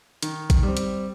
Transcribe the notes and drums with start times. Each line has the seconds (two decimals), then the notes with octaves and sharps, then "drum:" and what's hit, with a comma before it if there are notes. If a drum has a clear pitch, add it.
0.23 D#3, drum: hi-hat
0.50 drum: kick A1, hi-hat
0.63 G3 C4
0.77 drum: hi-hat